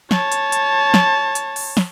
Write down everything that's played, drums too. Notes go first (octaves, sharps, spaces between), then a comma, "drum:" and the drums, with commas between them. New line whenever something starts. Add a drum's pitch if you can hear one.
C#5 A5, drum: snare
drum: hi-hat
drum: hi-hat
drum: snare
drum: hi-hat
drum: open hi-hat
drum: snare